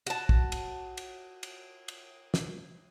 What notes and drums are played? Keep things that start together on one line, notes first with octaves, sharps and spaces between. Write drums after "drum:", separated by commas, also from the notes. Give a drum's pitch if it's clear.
F#4 A5, drum: cymbal
drum: kick
drum: cymbal
drum: cymbal
drum: cymbal
drum: cymbal
drum: snare